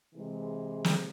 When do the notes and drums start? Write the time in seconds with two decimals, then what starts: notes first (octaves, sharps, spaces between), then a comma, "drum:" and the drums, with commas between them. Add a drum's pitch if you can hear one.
0.14 C3 E3 G#3
0.84 drum: snare